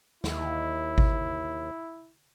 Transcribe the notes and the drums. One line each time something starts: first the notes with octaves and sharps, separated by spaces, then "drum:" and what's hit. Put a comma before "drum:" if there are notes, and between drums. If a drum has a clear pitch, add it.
D#2 E4, drum: snare
drum: kick G#1